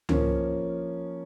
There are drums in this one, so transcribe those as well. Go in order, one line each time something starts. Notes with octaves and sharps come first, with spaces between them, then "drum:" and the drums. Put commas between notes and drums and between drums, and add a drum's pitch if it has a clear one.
F3 A#3 C#4, drum: tom C#2